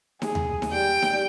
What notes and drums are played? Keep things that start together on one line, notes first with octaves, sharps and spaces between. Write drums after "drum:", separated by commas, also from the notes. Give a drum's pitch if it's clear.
G#4, drum: snare D#4
drum: tom D#2
drum: snare D#4
G3 G5
drum: snare D#4